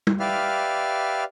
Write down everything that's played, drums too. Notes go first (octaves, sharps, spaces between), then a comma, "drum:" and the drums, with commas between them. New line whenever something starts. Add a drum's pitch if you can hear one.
drum: tom
G4 B4 D5 E5 F5 F6